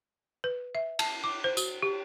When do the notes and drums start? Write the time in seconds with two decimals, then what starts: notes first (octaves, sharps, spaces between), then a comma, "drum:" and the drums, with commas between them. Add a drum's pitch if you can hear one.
0.44 B4
0.75 E5
0.99 A5, drum: cymbal
1.24 D6
1.44 C5
1.57 F#4, drum: tambourine
1.82 G4